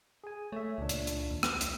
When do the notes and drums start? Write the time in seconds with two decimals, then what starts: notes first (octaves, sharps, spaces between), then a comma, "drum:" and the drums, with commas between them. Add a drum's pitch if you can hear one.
0.24 G#4 G#5
0.52 A3 C#5 E5
0.78 C#2 A#2 D4
0.89 drum: hi-hat
1.07 drum: hi-hat
1.30 D#2
1.43 C2, drum: rim click
1.61 drum: hi-hat